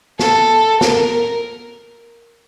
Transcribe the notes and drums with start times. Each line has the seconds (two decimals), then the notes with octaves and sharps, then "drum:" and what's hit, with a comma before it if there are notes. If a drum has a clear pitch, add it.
0.19 A4, drum: snare
0.81 A#4, drum: snare